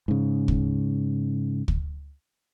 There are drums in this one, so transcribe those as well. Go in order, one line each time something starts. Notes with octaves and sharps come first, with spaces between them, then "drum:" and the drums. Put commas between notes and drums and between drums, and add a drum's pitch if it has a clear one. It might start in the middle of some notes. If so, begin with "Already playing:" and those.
G#2 C#3
drum: kick
drum: kick